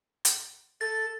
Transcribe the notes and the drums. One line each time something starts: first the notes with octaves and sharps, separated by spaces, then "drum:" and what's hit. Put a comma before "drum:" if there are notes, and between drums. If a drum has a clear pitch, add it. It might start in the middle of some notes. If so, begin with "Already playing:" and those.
drum: hi-hat
A4 A6